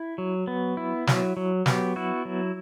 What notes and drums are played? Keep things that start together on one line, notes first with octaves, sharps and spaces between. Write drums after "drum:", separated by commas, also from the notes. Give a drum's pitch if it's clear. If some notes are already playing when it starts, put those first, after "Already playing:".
Already playing: E4
F#3
B3
E4
F#3, drum: snare
F#3
B3 G4, drum: snare
E4 F#4
F#3